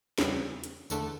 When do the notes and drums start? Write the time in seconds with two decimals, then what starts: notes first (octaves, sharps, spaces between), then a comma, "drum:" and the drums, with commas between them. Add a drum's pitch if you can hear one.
0.18 E2 C#3 G3, drum: snare
0.64 drum: hi-hat
0.90 E2 D3 A3 D4 A4, drum: tambourine